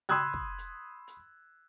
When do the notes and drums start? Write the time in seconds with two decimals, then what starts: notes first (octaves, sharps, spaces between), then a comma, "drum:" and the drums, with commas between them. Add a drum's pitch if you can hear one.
0.09 B5 C6 D#6 E6 F#6 G#6, drum: tom C#3
0.34 drum: kick
0.58 drum: hi-hat
1.07 drum: hi-hat